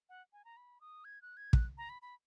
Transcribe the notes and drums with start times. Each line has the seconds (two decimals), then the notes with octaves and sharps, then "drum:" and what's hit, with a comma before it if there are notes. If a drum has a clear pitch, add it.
0.09 F#5
0.33 G#5
0.45 A#5
0.57 B5
0.81 D#6
1.05 G#6
1.22 F#6
1.37 G#6
1.53 F#6, drum: kick
1.78 A#5
1.89 B5
2.02 B5